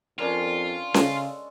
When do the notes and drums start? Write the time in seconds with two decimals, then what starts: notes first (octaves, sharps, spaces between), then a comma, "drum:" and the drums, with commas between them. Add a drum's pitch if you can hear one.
0.19 F2 C#4 D4 F4 A#4
0.94 C#3 G#3 A4, drum: snare C#4